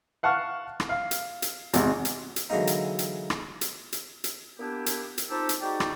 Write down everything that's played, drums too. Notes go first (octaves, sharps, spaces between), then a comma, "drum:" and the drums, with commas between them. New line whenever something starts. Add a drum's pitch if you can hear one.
F5 F#5 A5 C#6 F6 F#6
drum: rim click
F5
drum: hi-hat
drum: hi-hat
G#1 E2 C3, drum: hi-hat
drum: hi-hat
drum: hi-hat
D3 E3 F#3 G#3 A#3 D#4
drum: hi-hat
drum: hi-hat
drum: rim click
drum: hi-hat
drum: hi-hat
drum: hi-hat
A#3 B3 D4 E4 G4
drum: hi-hat
drum: hi-hat
C4 D#4 F4 G4 A4 A5
drum: hi-hat
G#3 D#4 F#4 G4 D5 G5
drum: rim click